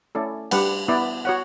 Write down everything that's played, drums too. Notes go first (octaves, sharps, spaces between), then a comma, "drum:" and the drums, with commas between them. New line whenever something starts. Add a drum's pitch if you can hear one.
A3 C#4 E4 A4 D5
G3 D4 G4 B4 F#5, drum: cymbal
B3 E4 B4 D5
F#4 C#5 F#5